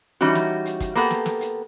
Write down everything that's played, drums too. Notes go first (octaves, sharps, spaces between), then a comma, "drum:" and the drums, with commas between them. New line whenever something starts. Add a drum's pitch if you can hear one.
E3 G3 C#4 D#4 F#4
drum: snare
drum: hi-hat
drum: kick, hi-hat
A#3 B3 G4 A4 F#5, drum: hi-hat
drum: snare
drum: snare
drum: hi-hat